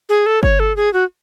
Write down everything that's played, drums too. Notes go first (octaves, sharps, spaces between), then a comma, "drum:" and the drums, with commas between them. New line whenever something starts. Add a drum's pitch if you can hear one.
G#4
A4
C#5, drum: kick G1
A4
G#4
F#4